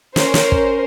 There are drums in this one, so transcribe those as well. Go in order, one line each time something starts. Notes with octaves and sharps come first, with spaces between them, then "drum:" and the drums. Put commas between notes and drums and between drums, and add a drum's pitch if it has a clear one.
C#4 A#4 C5, drum: snare
drum: snare
drum: kick